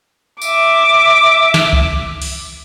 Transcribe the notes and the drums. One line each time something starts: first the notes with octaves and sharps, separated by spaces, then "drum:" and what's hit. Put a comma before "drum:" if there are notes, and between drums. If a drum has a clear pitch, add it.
E5 D6, drum: tambourine
drum: snare
drum: kick C2
drum: open hi-hat